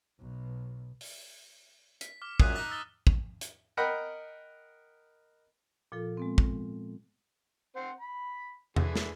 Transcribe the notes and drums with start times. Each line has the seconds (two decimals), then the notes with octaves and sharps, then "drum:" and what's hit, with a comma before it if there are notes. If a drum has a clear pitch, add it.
0.20 B1 B2
1.01 drum: open hi-hat
2.01 B6, drum: hi-hat
2.22 D6 F6
2.40 F#2 A#2 G#4 D#6 F#6 D#7, drum: kick
2.56 D#4 A5 F#6
2.70 E6 A6 G7
3.07 drum: kick
3.41 drum: hi-hat
3.77 A#4 D#5 F#5 G5 B5
5.92 A#2 F3 F4 A4
6.17 G#3 B3 C4
6.38 drum: kick
7.76 C4 C5 F#5
8.00 B5
8.76 D3 E3 G#4, drum: tom E2
8.96 drum: snare